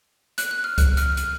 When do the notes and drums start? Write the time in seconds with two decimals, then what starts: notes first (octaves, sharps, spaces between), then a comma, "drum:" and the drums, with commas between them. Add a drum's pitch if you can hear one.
0.38 F#6, drum: hi-hat
0.51 F#6
0.64 F6
0.78 F#6, drum: kick C#2, hi-hat
0.97 F6, drum: hi-hat
1.17 F6, drum: hi-hat